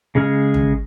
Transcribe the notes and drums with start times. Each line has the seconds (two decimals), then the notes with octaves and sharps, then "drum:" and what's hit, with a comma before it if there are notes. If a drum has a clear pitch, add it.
0.15 C#3 G#3 G#4 F6
0.54 drum: tom